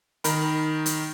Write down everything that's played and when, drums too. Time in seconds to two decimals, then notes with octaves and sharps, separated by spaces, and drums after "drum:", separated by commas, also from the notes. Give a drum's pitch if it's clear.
0.24 D#3 A#4 B5, drum: hi-hat
0.86 drum: hi-hat